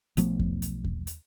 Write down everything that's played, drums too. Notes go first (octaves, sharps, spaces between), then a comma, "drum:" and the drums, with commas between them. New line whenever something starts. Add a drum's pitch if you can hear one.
B1 F3 A3 B3, drum: hi-hat
drum: kick E2
drum: hi-hat
drum: kick E2
drum: hi-hat